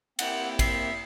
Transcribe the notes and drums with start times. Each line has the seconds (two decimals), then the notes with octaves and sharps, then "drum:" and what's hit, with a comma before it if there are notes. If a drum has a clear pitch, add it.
0.19 A#3 C4 E4 G4 F#5, drum: cymbal
0.59 E5 C7, drum: kick, cymbal